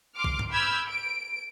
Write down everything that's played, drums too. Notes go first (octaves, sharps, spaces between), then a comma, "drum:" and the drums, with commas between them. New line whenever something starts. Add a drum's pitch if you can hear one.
C6 D6 F6
drum: kick
drum: tom G#2
B5 D6 E6 F6 G6 G#6
D7